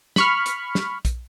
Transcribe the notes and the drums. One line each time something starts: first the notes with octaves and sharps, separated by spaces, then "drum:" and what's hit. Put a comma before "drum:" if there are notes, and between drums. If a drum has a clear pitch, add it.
B5 C#6 F6, drum: snare
drum: hi-hat
drum: snare
drum: kick, hi-hat